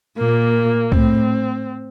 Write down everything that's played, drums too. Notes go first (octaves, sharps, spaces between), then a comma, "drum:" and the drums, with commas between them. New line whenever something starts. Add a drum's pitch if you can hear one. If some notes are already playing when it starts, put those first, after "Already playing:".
A#2 A#3
A2 C4, drum: kick